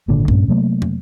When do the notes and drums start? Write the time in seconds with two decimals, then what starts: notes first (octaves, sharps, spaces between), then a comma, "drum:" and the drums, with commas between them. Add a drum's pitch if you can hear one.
0.08 G#1 A#2 D3 D4
0.28 G2 A#2 A3 C#4, drum: kick
0.48 C3 F#3 A3 A#3
0.82 drum: tom